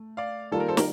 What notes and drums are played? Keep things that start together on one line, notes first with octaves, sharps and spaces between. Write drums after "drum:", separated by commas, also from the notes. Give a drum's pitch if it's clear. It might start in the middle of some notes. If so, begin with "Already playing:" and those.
Already playing: A3
D5 F5
D#3 G3 A#3 F4 A4
A#4
A4 C5
A#4, drum: snare